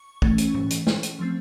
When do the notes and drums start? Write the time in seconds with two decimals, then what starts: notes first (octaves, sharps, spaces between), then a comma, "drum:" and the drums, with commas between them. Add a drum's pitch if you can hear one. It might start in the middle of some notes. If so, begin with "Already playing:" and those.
Already playing: C#6
0.22 E3 A3 C#4, drum: kick
0.38 drum: hi-hat
0.54 drum: tom G#2
0.70 drum: hi-hat
0.87 drum: snare
1.03 drum: hi-hat
1.19 F3 A3 C4